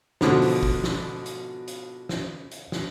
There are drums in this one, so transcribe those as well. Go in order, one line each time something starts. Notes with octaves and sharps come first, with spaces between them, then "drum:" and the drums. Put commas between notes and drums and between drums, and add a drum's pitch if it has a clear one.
G#2 B2 D3 F3, drum: snare
drum: open hi-hat
drum: kick
drum: snare
drum: hi-hat
drum: hi-hat
drum: snare
drum: hi-hat
drum: snare